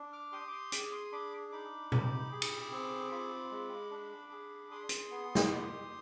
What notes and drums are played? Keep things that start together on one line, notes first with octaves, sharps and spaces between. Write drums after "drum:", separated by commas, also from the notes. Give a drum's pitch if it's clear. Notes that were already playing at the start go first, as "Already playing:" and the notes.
Already playing: D4
D6 F6
G4 C6 D#6
D6
C6 D#6
G#4 D6 F6, drum: hi-hat
C6 D#6
D4 B5 D6
D#4 B5 D6
G4, drum: tom A#2
G#4
drum: cymbal
C4
F4 B5 D6
G#3
D4
G#4
G#4 C6 D#6
drum: hi-hat
B3
drum: snare
G4